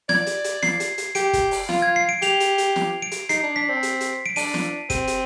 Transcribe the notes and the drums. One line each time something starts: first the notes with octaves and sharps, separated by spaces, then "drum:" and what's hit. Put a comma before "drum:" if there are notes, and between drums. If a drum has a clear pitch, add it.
D5 G#6, drum: snare
drum: hi-hat
drum: hi-hat
C7, drum: snare
drum: hi-hat
drum: hi-hat
G4 D7, drum: hi-hat
drum: kick, hi-hat
drum: open hi-hat
F4, drum: snare
G#6
C7
D7
G4 F7, drum: hi-hat
drum: hi-hat
drum: hi-hat
drum: snare
D7
drum: hi-hat
D#4 C7, drum: hi-hat
D4
D4 B6
C4
drum: hi-hat
drum: hi-hat
D7
D4 D#7, drum: open hi-hat
drum: snare
C4 D#7, drum: kick, hi-hat
drum: hi-hat